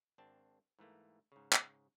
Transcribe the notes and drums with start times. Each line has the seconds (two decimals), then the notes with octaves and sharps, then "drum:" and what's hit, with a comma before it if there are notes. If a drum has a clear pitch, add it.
0.18 G#1 C4 D4 A5
0.79 G#2 E3 A3 A#3
1.32 G#2 C#3
1.53 drum: clap